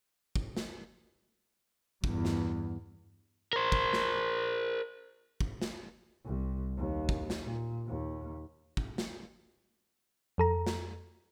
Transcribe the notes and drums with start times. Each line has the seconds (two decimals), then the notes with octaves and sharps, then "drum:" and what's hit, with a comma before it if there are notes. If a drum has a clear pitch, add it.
0.36 drum: kick
0.57 drum: snare
2.04 E2 G2, drum: kick
2.25 drum: snare
3.53 A#4 C5
3.72 drum: kick
3.93 drum: snare
5.41 drum: kick
5.62 drum: snare
6.25 C2
6.77 D#2
7.09 drum: kick
7.30 drum: snare
7.43 A#2
7.86 D#2
8.77 drum: kick
8.98 drum: snare
10.38 F2 A4 A#5
10.67 drum: snare